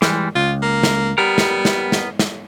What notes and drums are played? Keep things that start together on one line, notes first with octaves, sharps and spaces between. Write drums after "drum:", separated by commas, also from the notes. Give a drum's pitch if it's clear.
E3 G3 G#3, drum: snare
C#2 F4
A#3
drum: snare
G3 B3 A#4
drum: snare
drum: snare
drum: snare
drum: snare